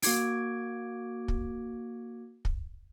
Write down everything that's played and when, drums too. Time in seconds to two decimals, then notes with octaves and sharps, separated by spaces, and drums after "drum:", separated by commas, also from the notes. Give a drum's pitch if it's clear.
0.02 A#3 F#4 D6 G#6 D7, drum: open hi-hat
1.28 drum: kick
2.45 drum: kick